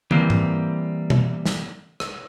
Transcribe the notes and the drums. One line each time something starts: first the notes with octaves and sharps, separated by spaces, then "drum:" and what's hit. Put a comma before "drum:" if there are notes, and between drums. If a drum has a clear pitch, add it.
E3 G3 A#3 C4, drum: tom
drum: tom G#2
drum: tom B2
drum: snare
drum: rim click